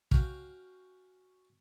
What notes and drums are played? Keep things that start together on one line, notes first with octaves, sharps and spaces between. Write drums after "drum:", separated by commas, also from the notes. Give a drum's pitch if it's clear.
C#4 F#4 F5 G5, drum: kick